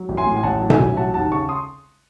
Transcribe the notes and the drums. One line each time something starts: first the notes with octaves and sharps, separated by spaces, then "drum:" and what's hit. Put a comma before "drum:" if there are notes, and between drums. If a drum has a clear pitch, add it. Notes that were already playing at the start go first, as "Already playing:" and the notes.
Already playing: F#3
A1
G#5 C6
A2
G#5
A1 F#5 A5
F#3
E5 G#5, drum: tom B2
A1
F#3 F#5 A5
D#2 F#5 A5
C#3 A5 C#6
C6 D#6